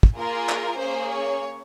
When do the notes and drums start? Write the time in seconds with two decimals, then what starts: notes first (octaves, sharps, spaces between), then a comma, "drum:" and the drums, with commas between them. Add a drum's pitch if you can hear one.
0.03 drum: kick
0.16 A#3 F4 G#4 A#4
0.49 drum: clap
0.78 A#3 C#4 G#4 C5
1.10 C#5